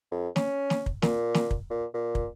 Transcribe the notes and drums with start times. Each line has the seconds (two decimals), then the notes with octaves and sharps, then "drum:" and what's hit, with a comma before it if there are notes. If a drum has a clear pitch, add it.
0.12 F2
0.36 C#4, drum: snare
0.70 drum: snare
0.86 drum: kick
1.02 A#2, drum: snare
1.34 drum: snare
1.51 drum: kick
1.70 A#2
1.94 A#2
2.15 drum: kick